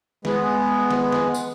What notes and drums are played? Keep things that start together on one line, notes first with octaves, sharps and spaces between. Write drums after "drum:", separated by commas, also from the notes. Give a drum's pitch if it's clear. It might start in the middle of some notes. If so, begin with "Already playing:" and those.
G#3 B3, drum: snare
drum: snare
drum: snare
drum: tambourine